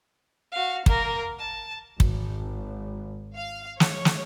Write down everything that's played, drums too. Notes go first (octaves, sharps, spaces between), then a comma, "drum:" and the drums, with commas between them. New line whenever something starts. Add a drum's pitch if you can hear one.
F#4 F5
A#3 A#4, drum: kick
A5
G#1, drum: kick
F5
C#5, drum: snare
drum: snare